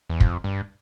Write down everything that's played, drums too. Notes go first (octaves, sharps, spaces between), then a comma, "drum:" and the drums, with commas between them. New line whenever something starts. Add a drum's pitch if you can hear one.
E2
F2, drum: kick
G2